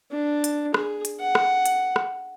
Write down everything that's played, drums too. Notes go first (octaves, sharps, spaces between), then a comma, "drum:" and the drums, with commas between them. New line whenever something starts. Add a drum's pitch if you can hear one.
D4
drum: hi-hat
G#4, drum: rim click
drum: hi-hat
F#5
drum: rim click
drum: hi-hat
drum: rim click